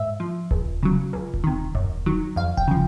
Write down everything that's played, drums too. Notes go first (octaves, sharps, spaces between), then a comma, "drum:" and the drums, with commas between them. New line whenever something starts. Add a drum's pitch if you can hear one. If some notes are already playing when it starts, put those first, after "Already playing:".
Already playing: G#2 E5
F3
C#2, drum: kick D#1
C#3 F#3
C#2
drum: kick D#1
C3 D#3
F#2, drum: kick D#1
D#3 F#3
F2 F5
G5, drum: kick D#1
C#3 F3